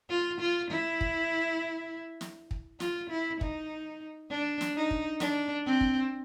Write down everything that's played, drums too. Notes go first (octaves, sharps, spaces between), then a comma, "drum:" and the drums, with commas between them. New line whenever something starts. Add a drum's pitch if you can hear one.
F4
F4
E4
drum: kick
drum: snare
drum: kick
F4, drum: snare
E4
D#4, drum: kick
D4
drum: snare
D#4
drum: kick
D4, drum: snare
C4
drum: kick